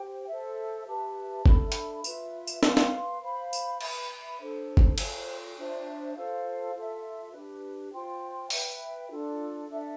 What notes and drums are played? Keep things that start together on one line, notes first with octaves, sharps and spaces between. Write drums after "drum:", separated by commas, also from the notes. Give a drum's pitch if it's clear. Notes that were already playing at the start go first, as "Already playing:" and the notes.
Already playing: G4 C5 G5
A4 C5 E5
G4 B4 E5 A5
D4 A4 E5 B5, drum: kick G1
drum: hi-hat
F4 B4 E5, drum: tambourine
drum: tambourine
B4 F5 C6, drum: snare
drum: snare
C5 F5 B5
drum: tambourine
B4 E5 B5, drum: cymbal
D4 A4 C5
drum: kick G1
F4 A4 C5, drum: cymbal
D4 F4 C5 E5
F4 A4 C5 F5
F4 A4 E5
D4 G4 B4
F4 C5 G5 C6
B4 E5 G5, drum: open hi-hat
D4 F4 A4
D4 A4 E5